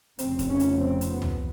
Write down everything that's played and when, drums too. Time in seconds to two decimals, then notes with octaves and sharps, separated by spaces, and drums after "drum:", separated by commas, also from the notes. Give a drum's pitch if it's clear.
0.19 F1 F2 C#3 C4, drum: hi-hat
0.39 drum: kick, hi-hat
0.49 C#4
0.60 drum: hi-hat
0.80 C4
1.01 drum: hi-hat
1.11 B3
1.22 drum: tom C#2